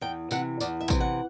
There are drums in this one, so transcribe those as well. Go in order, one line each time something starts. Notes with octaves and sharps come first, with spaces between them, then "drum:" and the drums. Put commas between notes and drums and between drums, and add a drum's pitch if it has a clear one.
E2 G5
C3 E3 F#5, drum: tambourine
E2 D5, drum: tambourine
E5
C3 E3, drum: kick, tambourine
F#5